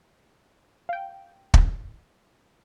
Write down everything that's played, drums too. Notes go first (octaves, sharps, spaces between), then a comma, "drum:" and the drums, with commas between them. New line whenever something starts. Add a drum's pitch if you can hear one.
F5 G5
drum: kick